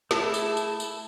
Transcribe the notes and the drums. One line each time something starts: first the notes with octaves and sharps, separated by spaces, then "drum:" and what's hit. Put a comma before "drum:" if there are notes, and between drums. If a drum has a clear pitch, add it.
A3 E4 G#4 A5, drum: snare
drum: tambourine
drum: tambourine
drum: tambourine